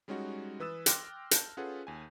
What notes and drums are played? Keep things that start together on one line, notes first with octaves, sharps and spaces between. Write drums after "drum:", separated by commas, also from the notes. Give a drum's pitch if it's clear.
G3 G#3 C#4 D#4 F#4
E3 B4 D#6 E6 A6 E7
G5 C6 D6 F6 F#6 A#6, drum: hi-hat
A5 G6, drum: hi-hat
C#4 F4 G#4 A4 B4 F#5
D#2 G#5